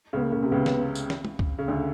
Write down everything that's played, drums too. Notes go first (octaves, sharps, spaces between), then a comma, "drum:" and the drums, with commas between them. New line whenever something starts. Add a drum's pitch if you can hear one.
C#2 C#3 B3
A#3
C#3
C3
C#2 C#3 B3
drum: snare
drum: tambourine
drum: snare
drum: tom
drum: kick
C#3
D2 D3